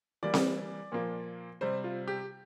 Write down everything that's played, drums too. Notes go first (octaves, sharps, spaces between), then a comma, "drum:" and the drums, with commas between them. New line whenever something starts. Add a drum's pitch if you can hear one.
E3 G3 A#3 D5
drum: snare C4
A#2 F3 A#3
C3 G3 C4 C5
F4
G4